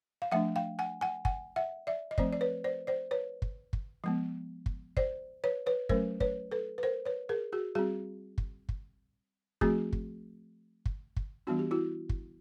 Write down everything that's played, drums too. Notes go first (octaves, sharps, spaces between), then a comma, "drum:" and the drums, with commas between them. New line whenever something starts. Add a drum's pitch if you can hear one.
F5
F3 A3 D4 E5 F#5
F5 G5
F#5 G#5
F#5 G#5
F#5 G#5, drum: kick
E5 F#5
D5 E5
D#5
F3 A3 C4 C5 D5, drum: kick
D5
B4 C#5
C5 D5
C5 D5
B4 C#5
drum: kick
drum: kick
F3 G#3 B3
drum: kick
C5 D5, drum: kick
B4 C#5
B4 C#5
F#3 A3 C#4 A#4 C5, drum: kick
B4 C#5, drum: kick
A4 B4
B4
A#4 C5
B4 C#5
G#4 A#4
F#4 G#4
G3 C4 F#4 G#4
drum: kick
drum: kick
F3 A3 C4 F#4 G#4, drum: kick
drum: kick
drum: kick
drum: kick
E3 G3 B3 D4 F#4
G4
E4 F#4
drum: kick